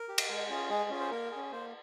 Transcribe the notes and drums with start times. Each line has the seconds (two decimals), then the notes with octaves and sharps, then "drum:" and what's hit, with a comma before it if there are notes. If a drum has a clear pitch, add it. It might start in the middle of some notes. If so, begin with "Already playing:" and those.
Already playing: A#4
0.08 G4
0.18 drum: cymbal
0.29 G#3
0.49 C#4 F4 G#4
0.70 G#3 G#4
0.90 C#4 F4 G#4
1.00 C5
1.11 A#3 A#4
1.31 C#4 G#4
1.52 A#3 C5